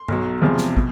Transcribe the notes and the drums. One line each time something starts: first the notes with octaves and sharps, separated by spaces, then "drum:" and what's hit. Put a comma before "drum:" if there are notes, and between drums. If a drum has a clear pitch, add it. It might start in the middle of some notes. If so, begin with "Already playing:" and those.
Already playing: C6
B1 B2 F#3, drum: tom G2
E2 C3 F3 G#3
drum: snare
B2, drum: kick